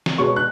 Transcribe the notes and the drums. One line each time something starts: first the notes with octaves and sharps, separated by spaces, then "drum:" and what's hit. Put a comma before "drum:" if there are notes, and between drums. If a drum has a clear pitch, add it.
drum: snare
B2 G#3 B3 C#5 C#6
F#6